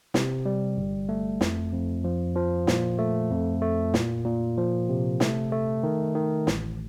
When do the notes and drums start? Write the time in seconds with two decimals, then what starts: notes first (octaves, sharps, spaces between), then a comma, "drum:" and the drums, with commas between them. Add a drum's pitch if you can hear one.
0.14 C3, drum: snare
0.46 G3
0.77 G1
1.09 A3
1.41 F2, drum: snare
1.72 F2
2.04 F3
2.36 F3
2.67 A#2, drum: snare
2.99 A3
3.30 F2
3.62 A3
3.94 A#2, drum: snare
4.26 A#2
4.57 F3
4.89 C3
5.20 A3, drum: snare
5.52 A3
5.83 D#3
6.15 D#3
6.47 A1, drum: snare